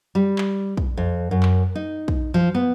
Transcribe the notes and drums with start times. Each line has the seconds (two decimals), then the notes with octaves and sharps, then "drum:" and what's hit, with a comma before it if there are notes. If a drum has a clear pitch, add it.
0.15 G3
0.38 drum: clap
0.77 drum: kick
0.97 F2
1.31 F#2
1.43 drum: clap
1.75 D#4
2.08 drum: kick
2.34 F3
2.55 B3